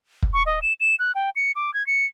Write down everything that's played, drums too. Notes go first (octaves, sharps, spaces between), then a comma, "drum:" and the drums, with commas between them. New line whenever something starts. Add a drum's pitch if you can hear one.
drum: kick
C#6
D#5
E7
E7
F#6
G5
C#7
D6
G#6
C#7